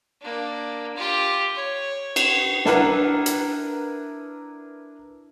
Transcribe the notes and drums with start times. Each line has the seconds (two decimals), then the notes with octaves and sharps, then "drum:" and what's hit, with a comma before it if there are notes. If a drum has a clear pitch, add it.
0.22 A#3 D4
0.96 F4 G4
1.55 C#5
2.16 drum: cymbal
2.65 D4 E4 A#4 B4 E5 F#5, drum: snare
3.26 drum: hi-hat